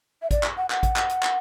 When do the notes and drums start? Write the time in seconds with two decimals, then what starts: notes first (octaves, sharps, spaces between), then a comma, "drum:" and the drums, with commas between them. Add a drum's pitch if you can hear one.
0.22 E5
0.31 D5, drum: kick A1, hi-hat
0.43 drum: clap
0.57 F#5
0.70 F#5, drum: clap
0.83 drum: kick A1, hi-hat
0.96 drum: clap
1.09 drum: hi-hat
1.23 drum: clap